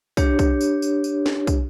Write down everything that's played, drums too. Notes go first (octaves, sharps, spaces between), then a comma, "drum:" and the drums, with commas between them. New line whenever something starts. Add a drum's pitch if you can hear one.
D4 G4 C#5, drum: kick, tambourine
drum: kick, tambourine
drum: tambourine
drum: tambourine
drum: tambourine
drum: snare
drum: kick, tambourine